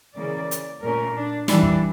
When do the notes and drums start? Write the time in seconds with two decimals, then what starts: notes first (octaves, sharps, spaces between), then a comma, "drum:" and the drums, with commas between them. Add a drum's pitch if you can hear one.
0.16 C#3 E3 A#3 D5
0.51 drum: hi-hat
0.82 A#2 A3 C#4 A#4
1.15 D4
1.48 E3 G3 D4 E4, drum: snare
1.63 drum: kick